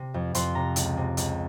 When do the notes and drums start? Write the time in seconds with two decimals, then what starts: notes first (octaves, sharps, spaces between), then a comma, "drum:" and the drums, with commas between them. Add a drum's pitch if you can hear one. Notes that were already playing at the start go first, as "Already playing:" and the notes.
Already playing: C3
0.14 F2
0.35 F2 C6, drum: hi-hat
0.55 C3 A#5
0.76 C#2, drum: hi-hat
0.97 C3
1.17 C#2, drum: hi-hat